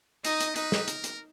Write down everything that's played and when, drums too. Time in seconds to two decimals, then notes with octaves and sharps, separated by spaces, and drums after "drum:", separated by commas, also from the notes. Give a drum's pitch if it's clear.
0.25 D#4 D#5, drum: hi-hat
0.40 drum: hi-hat
0.56 D#4 B4, drum: hi-hat
0.72 drum: snare
0.88 A#4, drum: hi-hat
1.04 drum: hi-hat